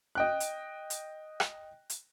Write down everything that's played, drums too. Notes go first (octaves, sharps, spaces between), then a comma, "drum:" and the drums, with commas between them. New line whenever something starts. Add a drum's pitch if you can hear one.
D#5 G5 F#6
drum: hi-hat
drum: hi-hat
drum: rim click
drum: hi-hat